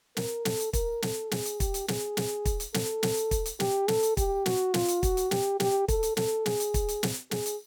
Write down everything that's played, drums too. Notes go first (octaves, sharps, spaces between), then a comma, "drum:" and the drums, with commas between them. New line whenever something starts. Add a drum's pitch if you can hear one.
A#4, drum: snare
A4, drum: snare
drum: hi-hat
A#4, drum: kick, hi-hat
A4, drum: snare
G#4, drum: snare
drum: hi-hat
G4, drum: kick, hi-hat
drum: hi-hat
G#4, drum: snare
drum: snare
drum: kick, hi-hat
drum: hi-hat
A4, drum: snare
drum: snare
drum: hi-hat
drum: kick, hi-hat
drum: hi-hat
G4, drum: snare
A4, drum: snare
drum: hi-hat
G4, drum: kick, hi-hat
F#4, drum: snare
F4, drum: snare
drum: hi-hat
F#4, drum: kick, hi-hat
drum: hi-hat
G4, drum: snare
G4, drum: snare
A4, drum: kick, hi-hat
drum: hi-hat
A4, drum: snare
G#4, drum: snare
drum: hi-hat
drum: kick, hi-hat
drum: hi-hat
drum: snare
G#4, drum: snare
drum: hi-hat